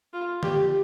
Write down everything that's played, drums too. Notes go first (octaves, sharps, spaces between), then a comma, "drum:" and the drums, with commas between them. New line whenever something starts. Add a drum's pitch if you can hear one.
F4
G4, drum: tom D3